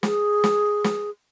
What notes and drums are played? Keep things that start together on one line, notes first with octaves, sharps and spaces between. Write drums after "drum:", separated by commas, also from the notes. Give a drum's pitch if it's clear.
G#4, drum: snare
drum: snare
drum: snare